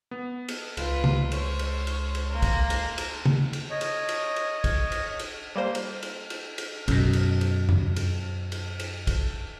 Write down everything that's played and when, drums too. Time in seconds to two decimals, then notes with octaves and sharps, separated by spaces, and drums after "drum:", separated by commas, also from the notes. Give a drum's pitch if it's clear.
0.11 B3
0.48 drum: cymbal
0.77 C#2 F4 B4, drum: cymbal
1.04 drum: tom
1.32 C5 C#5, drum: cymbal
1.59 drum: cymbal
1.87 drum: cymbal
2.15 drum: cymbal
2.30 A#3 C6
2.42 drum: kick, cymbal
2.70 drum: cymbal
2.98 drum: cymbal
3.25 drum: tom
3.53 drum: cymbal
3.70 C#5 D#5
3.81 drum: cymbal
4.09 drum: cymbal
4.36 drum: cymbal
4.64 drum: kick, cymbal
4.92 drum: cymbal
5.19 drum: cymbal
5.56 G3 A#3 C5
5.75 drum: cymbal
6.03 drum: cymbal
6.30 drum: cymbal
6.58 drum: cymbal
6.88 F#2 B2, drum: kick, cymbal
7.13 drum: cymbal
7.41 drum: cymbal
7.69 drum: tom F2
7.96 drum: cymbal
8.52 drum: cymbal
8.80 drum: cymbal
9.07 drum: kick, cymbal